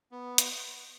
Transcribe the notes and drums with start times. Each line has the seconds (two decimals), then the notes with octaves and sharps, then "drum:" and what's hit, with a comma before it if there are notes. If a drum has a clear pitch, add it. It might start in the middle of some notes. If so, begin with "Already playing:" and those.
0.11 B3
0.38 drum: hi-hat